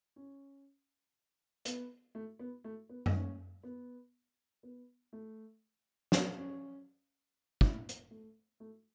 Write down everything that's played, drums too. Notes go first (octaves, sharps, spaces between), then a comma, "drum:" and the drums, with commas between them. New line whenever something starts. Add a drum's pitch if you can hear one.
C#4
B3, drum: hi-hat
A3
B3
A3
B3
D#4, drum: tom F#2
C#4
B3
B3
A3
B3, drum: snare
C#4
E4, drum: kick
drum: hi-hat
A3
A3